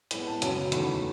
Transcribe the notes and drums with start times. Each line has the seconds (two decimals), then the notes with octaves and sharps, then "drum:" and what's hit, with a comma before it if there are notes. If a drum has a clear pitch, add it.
0.11 A2 G#3 B3 B5, drum: hi-hat
0.27 A5
0.42 F#2 C#3 F#3, drum: hi-hat
0.72 E2 D#3 F#3 A3 B5, drum: hi-hat